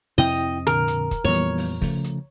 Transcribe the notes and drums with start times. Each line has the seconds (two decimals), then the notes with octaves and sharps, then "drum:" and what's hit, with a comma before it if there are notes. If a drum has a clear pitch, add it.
0.18 F2 C3 C4 E4 D#5 G5, drum: open hi-hat
0.67 A#2 D3 A#4, drum: hi-hat
0.88 drum: hi-hat
1.11 drum: kick, hi-hat
1.24 F2 A#2 E3 G3 B3 C#5
1.35 drum: hi-hat
1.58 drum: open hi-hat
1.82 C#3 F3 A3, drum: kick, open hi-hat
2.04 drum: hi-hat